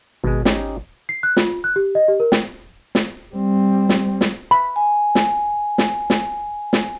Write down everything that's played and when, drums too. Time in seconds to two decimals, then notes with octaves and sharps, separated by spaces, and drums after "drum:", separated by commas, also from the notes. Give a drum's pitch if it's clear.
0.24 G#1 B2 G#3
0.45 C#4 D#4 G4, drum: snare
1.09 C7
1.23 F#6
1.37 F4, drum: snare
1.64 F#6
1.76 G4
1.95 D#5
2.08 G4
2.20 A#4
2.32 G5, drum: snare
2.95 drum: snare
3.35 G3 C4
3.89 drum: snare
4.21 drum: snare
4.51 B5
4.76 G#5
5.15 drum: snare
5.78 drum: snare
6.10 drum: snare
6.73 drum: snare